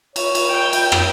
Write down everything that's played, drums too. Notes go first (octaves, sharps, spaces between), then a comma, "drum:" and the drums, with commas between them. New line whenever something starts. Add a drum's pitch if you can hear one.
C#5, drum: cymbal
drum: cymbal
G5
drum: cymbal
drum: rim click